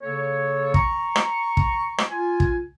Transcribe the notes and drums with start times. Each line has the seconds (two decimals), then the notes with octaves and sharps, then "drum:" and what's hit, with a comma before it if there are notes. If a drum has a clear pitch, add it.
0.02 C#3 A#3 A4 C#5
0.74 A#5 C#6, drum: kick
1.16 drum: rim click
1.57 drum: kick
1.98 drum: rim click
2.11 F4 G#5
2.40 drum: kick